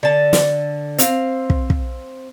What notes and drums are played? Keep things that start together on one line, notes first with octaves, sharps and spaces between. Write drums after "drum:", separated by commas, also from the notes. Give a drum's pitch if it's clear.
D3 A5
drum: snare
C4 F5, drum: hi-hat
drum: kick
drum: kick